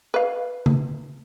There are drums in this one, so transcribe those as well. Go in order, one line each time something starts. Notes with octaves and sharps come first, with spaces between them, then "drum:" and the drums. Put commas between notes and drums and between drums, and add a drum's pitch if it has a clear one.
B4 F5
drum: tom C#3